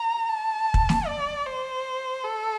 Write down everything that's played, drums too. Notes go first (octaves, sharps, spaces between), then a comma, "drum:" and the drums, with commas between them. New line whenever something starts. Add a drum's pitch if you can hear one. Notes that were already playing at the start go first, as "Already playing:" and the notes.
Already playing: A#5
A5
drum: kick
drum: snare
D5
C5
A4